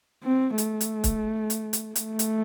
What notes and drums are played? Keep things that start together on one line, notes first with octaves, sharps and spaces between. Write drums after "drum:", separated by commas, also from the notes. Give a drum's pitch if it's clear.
C4
A3, drum: hi-hat
drum: hi-hat
drum: kick, hi-hat
drum: hi-hat
drum: hi-hat
A3, drum: hi-hat
drum: hi-hat